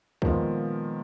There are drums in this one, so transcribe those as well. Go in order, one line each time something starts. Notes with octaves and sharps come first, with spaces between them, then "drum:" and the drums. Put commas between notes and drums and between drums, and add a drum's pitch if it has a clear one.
A#2 D#3 F3 G#3 B3, drum: kick